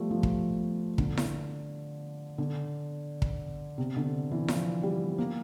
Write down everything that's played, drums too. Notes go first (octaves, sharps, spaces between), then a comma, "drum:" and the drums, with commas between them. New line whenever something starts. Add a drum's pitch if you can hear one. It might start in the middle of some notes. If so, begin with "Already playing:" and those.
Already playing: F3 G3 A3
F3
drum: kick
D3, drum: kick
drum: snare E4
D3
drum: kick
C3
D3
E3
F3, drum: snare E4
G3
A#3